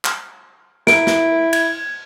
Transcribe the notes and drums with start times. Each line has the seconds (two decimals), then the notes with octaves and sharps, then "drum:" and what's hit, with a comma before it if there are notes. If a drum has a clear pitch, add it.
0.05 drum: clap
0.87 E4 A#4 D7, drum: snare
1.07 drum: snare
1.53 G#6, drum: cymbal